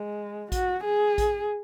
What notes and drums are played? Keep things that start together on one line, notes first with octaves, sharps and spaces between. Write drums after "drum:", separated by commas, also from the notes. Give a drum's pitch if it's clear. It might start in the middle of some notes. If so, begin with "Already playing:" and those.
Already playing: G#3
F#4, drum: kick A1, hi-hat
G#4
drum: kick A1, hi-hat